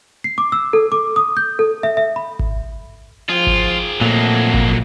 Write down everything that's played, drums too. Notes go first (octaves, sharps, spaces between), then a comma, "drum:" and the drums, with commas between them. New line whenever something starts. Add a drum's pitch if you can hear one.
C7
D6
E6
A4
D6
D#6
G6
A4
E5
E5
B5
drum: kick G#1
F3 F4 G#4 G5
drum: kick G#1
F2 A#2 F#3 A3 A#3
drum: kick G#1